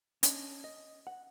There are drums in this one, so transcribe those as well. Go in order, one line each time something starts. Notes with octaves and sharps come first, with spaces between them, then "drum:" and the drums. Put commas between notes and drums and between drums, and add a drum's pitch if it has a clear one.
C#4 D4 D#5, drum: hi-hat
D#5
F#5